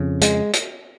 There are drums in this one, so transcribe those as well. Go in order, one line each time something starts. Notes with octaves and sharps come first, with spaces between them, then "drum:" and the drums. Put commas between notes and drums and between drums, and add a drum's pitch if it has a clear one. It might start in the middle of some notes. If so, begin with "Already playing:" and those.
Already playing: F2 C#3
G#3, drum: hi-hat
drum: hi-hat